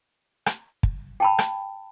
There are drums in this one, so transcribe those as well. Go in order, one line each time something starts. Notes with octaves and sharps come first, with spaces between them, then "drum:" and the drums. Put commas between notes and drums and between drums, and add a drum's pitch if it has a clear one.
drum: rim click
drum: kick
G5 A5 B5
drum: rim click